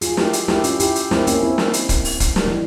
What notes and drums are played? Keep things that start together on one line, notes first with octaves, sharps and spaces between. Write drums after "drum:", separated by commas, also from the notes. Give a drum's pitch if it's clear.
F4 G#4, drum: hi-hat
F4
E4 G4, drum: snare
drum: hi-hat
E4 G4, drum: snare
C#4 F4, drum: hi-hat
E4 G4, drum: hi-hat
drum: hi-hat
C4 E4, drum: snare
A#3 C#4, drum: hi-hat
C4 E4
drum: snare
drum: hi-hat
drum: kick, hi-hat
drum: open hi-hat
drum: kick, hi-hat
G3, drum: snare
E3